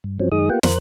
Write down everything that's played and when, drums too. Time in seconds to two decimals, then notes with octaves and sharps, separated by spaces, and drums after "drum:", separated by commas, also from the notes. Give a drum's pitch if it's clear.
0.04 G2
0.20 G2 F3 F#3 C4 C#4
0.32 F#2 D#3 G#3 D#4 G#4 D#6
0.50 A#3 B3 F4 G4 F#5 G5
0.63 F2 A#4 C5 F#6, drum: snare